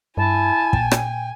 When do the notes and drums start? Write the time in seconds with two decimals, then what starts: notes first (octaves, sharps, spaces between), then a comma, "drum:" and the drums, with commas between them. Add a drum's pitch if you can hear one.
0.17 G2 E4 G#5 A5
0.73 A#2 G5, drum: kick
0.91 drum: rim click